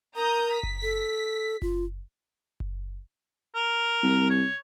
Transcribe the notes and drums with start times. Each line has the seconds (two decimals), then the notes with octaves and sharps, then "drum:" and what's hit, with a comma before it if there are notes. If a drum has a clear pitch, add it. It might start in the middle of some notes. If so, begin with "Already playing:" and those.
0.16 A#4 A#5 D#6 G6
0.53 B6
0.63 drum: kick F#1
0.83 A4
1.62 F4, drum: kick F#1
2.60 drum: kick F#1
3.55 A#4
4.03 C2
4.30 C#5